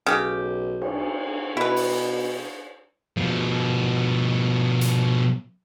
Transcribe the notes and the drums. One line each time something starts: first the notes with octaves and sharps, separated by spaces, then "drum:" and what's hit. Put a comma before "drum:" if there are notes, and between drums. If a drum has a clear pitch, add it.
B1 C#3 G4
drum: cymbal
B2 E4 B4
drum: open hi-hat
B2 F3
drum: hi-hat